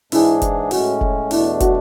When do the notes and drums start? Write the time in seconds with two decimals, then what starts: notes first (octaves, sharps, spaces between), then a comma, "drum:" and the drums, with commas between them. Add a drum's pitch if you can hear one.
0.12 G#2 E3 G#3 D4 E4 G#4, drum: open hi-hat
0.42 drum: kick, hi-hat
0.71 A2 G#3 C#4 F#4, drum: open hi-hat
1.01 drum: kick
1.31 E2 B2 A3 D4 E4, drum: open hi-hat
1.60 F#4, drum: kick, hi-hat